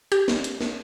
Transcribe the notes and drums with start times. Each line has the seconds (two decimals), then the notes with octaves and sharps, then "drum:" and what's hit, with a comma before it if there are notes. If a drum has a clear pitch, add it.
0.12 G4, drum: hi-hat
0.28 drum: snare
0.44 drum: hi-hat
0.61 drum: snare